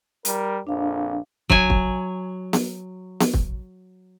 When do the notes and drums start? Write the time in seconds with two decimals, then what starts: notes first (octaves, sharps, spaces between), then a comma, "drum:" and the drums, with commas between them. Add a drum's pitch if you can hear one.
0.25 G3 A#4, drum: hi-hat
0.67 A#1 F2 D4 F5
1.50 F#3 G#5, drum: kick
1.70 drum: kick
2.53 drum: snare B3
3.20 drum: snare B3
3.34 drum: kick